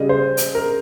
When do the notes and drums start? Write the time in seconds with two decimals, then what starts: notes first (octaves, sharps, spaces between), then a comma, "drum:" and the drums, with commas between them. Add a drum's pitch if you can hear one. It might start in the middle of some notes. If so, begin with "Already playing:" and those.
Already playing: C#3 G3 D#5
0.09 C5
0.37 drum: hi-hat
0.55 A#4